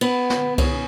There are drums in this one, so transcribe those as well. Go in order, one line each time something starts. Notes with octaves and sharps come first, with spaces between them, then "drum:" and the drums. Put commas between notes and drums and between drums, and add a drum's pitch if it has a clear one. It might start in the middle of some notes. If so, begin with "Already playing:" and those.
B3, drum: cymbal
drum: snare
C#4, drum: kick C2, cymbal